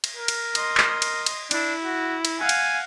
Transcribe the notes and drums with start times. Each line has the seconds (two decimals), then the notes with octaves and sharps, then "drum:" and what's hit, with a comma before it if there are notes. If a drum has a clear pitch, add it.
0.04 drum: cymbal
0.16 A#4
0.28 drum: cymbal
0.55 D#5 C6, drum: cymbal
0.77 drum: clap
1.02 drum: cymbal
1.26 drum: cymbal
1.51 D4 E4, drum: cymbal
1.84 F#4
2.25 drum: cymbal
2.40 F5 F#5 G#5
2.49 drum: cymbal